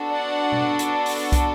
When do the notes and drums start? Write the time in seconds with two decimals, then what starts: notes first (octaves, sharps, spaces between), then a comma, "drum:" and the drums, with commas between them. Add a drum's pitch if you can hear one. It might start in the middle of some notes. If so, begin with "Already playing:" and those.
Already playing: B3 D4 F#4 A4
0.12 D5 F#5
0.52 drum: tom B2
0.79 drum: hi-hat
1.06 drum: open hi-hat
1.32 drum: kick, hi-hat